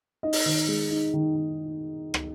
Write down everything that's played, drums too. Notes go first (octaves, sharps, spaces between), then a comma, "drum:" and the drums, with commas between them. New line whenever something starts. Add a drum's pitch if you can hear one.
D#4 D#5
drum: open hi-hat
D#3
G#3
D#4
D#3
D#3
drum: rim click